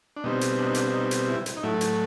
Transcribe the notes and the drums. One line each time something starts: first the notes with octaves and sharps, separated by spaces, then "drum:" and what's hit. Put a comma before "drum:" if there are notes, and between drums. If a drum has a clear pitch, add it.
D4
B2 G3 C4 D#4
drum: hi-hat
D4
D#4
D4, drum: hi-hat
D#4
drum: hi-hat
E4
drum: hi-hat
D#4
A2 F#3 A3 E4
drum: hi-hat